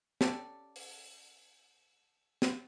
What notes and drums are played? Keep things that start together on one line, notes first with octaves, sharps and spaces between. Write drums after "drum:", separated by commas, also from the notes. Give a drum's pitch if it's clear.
C#4 G4 A4 D5, drum: snare
drum: open hi-hat
drum: snare